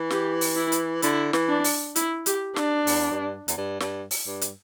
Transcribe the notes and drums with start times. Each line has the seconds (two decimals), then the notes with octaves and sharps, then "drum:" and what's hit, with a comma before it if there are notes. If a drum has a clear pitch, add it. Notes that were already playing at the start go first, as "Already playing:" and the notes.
Already playing: E3
0.10 G4, drum: snare
0.41 drum: open hi-hat
0.56 E4
0.72 drum: hi-hat
1.02 D3 E4, drum: hi-hat
1.33 E3, drum: snare
1.49 D4
1.64 drum: open hi-hat
1.96 E4, drum: hi-hat
2.26 G4, drum: hi-hat
2.56 D4, drum: snare
2.87 E2, drum: open hi-hat
3.11 G2
3.48 E2, drum: hi-hat
3.57 G2
3.80 G2, drum: snare
4.11 drum: open hi-hat
4.27 G2
4.41 drum: hi-hat